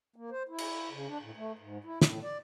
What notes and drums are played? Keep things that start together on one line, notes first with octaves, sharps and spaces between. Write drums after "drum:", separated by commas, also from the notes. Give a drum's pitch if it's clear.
A#3
C5
E4
drum: cymbal
C#3
D4
A2
A3
G#2
E4
A2, drum: snare
D5